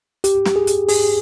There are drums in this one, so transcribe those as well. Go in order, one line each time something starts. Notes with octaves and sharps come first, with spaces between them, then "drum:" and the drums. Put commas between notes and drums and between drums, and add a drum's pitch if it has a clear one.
G4, drum: hi-hat
drum: snare
G#4
drum: hi-hat
G#4, drum: open hi-hat